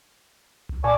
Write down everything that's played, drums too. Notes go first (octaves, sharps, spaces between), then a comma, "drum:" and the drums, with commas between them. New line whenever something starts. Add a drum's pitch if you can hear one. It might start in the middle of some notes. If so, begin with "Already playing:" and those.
drum: tom C2
A#2 D5 G#5 A5 C#6 D6